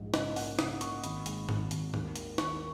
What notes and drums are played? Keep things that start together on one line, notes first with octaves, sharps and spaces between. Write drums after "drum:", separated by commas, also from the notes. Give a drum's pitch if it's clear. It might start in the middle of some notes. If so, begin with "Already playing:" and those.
Already playing: A#1 G#2
C#3 D#5, drum: snare
A#3 F#5, drum: open hi-hat
C#3 D#6, drum: snare
A#3 C#6, drum: hi-hat
G#1 B5, drum: hi-hat
G#2, drum: hi-hat
G#1, drum: tom G#2
G#1, drum: hi-hat
D#2, drum: tom G#2
D#3, drum: hi-hat
D#2 C#6, drum: snare